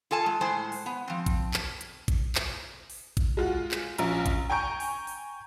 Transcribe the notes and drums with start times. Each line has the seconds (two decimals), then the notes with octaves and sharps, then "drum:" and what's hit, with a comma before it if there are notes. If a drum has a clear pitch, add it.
0.11 F4 A4 G#5 A5
0.26 G#3
0.41 A2 G#3 C5 G#5
0.72 drum: open hi-hat
0.86 B3
1.08 F3 C4
1.26 drum: kick, hi-hat
1.54 drum: clap
1.81 drum: hi-hat
2.08 drum: kick, hi-hat
2.35 drum: clap
2.90 drum: open hi-hat
3.17 drum: kick, hi-hat
3.37 G#3 F4 F#4
3.71 drum: clap
3.98 A#1 C#4 F4 A#5, drum: hi-hat
4.26 drum: kick, hi-hat
4.50 G5 G#5 A#5 C#6 G6 D7
4.80 drum: open hi-hat
5.07 drum: open hi-hat